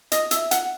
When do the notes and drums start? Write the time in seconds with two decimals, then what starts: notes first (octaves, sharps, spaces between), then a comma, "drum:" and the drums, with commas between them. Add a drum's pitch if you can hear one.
0.12 D#5, drum: hi-hat
0.31 E5, drum: hi-hat
0.51 F#5, drum: hi-hat